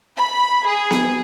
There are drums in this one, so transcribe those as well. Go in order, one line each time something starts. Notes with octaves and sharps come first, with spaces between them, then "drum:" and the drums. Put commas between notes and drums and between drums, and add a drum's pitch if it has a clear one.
B5
G#4
drum: snare B3